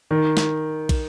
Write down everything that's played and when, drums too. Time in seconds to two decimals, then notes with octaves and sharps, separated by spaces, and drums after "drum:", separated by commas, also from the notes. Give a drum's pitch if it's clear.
0.11 D#3
0.37 drum: snare
0.89 drum: kick, cymbal